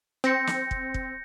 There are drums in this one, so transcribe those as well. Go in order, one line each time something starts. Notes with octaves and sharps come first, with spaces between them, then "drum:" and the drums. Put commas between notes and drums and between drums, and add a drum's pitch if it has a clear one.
C4 G6 A#6 C#7
drum: snare
drum: kick
drum: kick